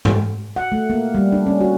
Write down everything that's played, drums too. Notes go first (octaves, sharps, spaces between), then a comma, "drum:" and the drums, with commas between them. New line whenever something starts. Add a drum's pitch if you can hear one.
drum: tom
F#5
A3
A#3
G3
D4
C#4
F#4